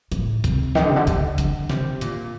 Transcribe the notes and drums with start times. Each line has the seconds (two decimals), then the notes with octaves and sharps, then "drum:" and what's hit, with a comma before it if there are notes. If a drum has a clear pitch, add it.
0.12 A2, drum: hi-hat
0.44 C3, drum: kick, hi-hat
0.75 D#3, drum: snare
0.82 D3
0.89 C3
0.96 D3
1.07 D3, drum: kick, hi-hat
1.38 D3, drum: hi-hat
1.70 C3, drum: snare
2.01 A#2, drum: hi-hat